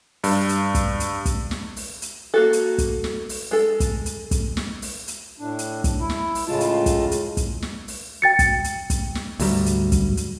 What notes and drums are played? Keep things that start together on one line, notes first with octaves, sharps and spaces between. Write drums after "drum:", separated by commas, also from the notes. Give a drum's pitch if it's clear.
G2, drum: open hi-hat
drum: hi-hat
drum: kick, hi-hat
drum: hi-hat
drum: kick, hi-hat
drum: snare
drum: open hi-hat
drum: hi-hat
A#3 F#4 A4
drum: hi-hat
drum: kick, hi-hat
drum: snare
drum: open hi-hat
G#3 A4
drum: kick, hi-hat
drum: hi-hat
drum: kick, hi-hat
drum: snare
drum: open hi-hat
drum: hi-hat
A2 D4
drum: hi-hat
drum: kick, hi-hat
E4
drum: snare
drum: open hi-hat
A2 C#3 G#3 F4 A5
drum: hi-hat
drum: kick, hi-hat
drum: hi-hat
drum: kick, hi-hat
drum: snare
drum: open hi-hat
G5 A6 C#7
drum: kick, hi-hat
drum: hi-hat
drum: kick, hi-hat
drum: snare
D2 G#2 F#3 G3, drum: open hi-hat
drum: hi-hat
drum: kick, hi-hat
drum: hi-hat